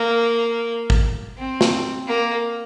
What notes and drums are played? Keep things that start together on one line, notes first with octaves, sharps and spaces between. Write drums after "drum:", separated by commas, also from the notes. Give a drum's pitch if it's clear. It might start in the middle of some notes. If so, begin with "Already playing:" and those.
Already playing: A#3
drum: kick
C4
drum: snare
A#3